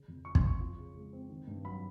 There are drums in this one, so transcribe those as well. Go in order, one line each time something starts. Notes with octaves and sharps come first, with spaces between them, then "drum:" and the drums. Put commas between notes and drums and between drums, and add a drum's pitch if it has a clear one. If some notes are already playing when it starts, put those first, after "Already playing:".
Already playing: C#3
F2
F3 C#6
C6, drum: kick
F2 C#6
F3
C#3
G#3
C4
D#3
G2
F#3 B5